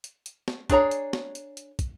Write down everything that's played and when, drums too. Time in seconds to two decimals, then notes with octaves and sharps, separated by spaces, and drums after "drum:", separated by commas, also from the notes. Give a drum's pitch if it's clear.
0.04 drum: hi-hat
0.26 drum: hi-hat
0.48 drum: snare
0.70 D4 G#4 C#5 A#5, drum: kick, hi-hat
0.91 drum: hi-hat
1.13 drum: snare
1.35 drum: hi-hat
1.57 drum: hi-hat
1.79 drum: kick, hi-hat